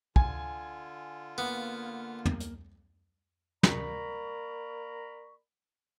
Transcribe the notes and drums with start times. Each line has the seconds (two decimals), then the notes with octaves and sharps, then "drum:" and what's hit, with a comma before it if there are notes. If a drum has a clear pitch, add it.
0.16 D3 F4 G#5, drum: kick
1.38 A#3 B3
2.25 drum: tom
2.40 drum: hi-hat
3.63 A#3 A#4 D5 A#5 B5 C#6, drum: snare